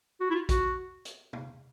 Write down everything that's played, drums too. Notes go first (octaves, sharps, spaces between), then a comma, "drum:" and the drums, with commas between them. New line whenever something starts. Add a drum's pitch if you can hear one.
F#4
E4
F4
F#4, drum: kick A#1, hi-hat
drum: hi-hat
drum: tom